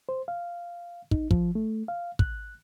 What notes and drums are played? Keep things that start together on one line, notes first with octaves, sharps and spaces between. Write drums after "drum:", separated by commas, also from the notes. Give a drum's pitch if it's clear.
C5
F5
D#4, drum: kick
F3, drum: kick
A3
F5
F#6, drum: kick